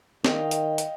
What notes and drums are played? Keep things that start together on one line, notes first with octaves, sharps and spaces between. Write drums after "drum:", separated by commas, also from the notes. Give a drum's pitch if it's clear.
D#3 D#5 F5 G5, drum: snare
drum: hi-hat
drum: hi-hat